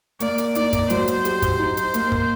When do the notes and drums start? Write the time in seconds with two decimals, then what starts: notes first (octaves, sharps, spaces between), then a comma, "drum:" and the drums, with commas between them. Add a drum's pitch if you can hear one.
0.20 A#3 D5, drum: hi-hat
0.38 drum: hi-hat
0.55 D#4 D5, drum: hi-hat
0.73 drum: kick, hi-hat
0.90 F#3 C5, drum: hi-hat
1.08 drum: hi-hat
1.25 G4, drum: hi-hat
1.42 drum: kick, hi-hat
1.59 D#4
1.77 drum: hi-hat
1.94 A#3, drum: hi-hat
2.12 drum: kick